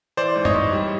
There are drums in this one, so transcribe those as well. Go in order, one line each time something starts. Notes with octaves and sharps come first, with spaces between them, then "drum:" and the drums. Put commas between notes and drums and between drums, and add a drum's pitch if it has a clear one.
E3 C5 D5
G#2
C#5 D#5, drum: tom F#2
G#2
G3